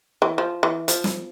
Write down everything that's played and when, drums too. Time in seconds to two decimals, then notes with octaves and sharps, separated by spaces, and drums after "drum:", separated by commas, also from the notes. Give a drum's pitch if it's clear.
0.22 E3
0.38 F3
0.63 E3
0.88 F3, drum: hi-hat
1.04 drum: snare